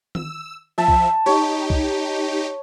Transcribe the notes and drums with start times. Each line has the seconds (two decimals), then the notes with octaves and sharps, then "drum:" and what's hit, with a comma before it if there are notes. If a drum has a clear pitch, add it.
0.15 E6, drum: tom D#3
0.78 F3 E5 A5
0.88 drum: kick
1.26 D#4 G4 C#5
1.70 drum: kick